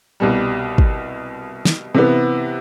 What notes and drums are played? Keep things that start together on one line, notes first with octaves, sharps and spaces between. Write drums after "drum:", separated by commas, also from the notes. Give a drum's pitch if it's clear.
C2 B2 G3
drum: kick
drum: snare
C3 E3 B3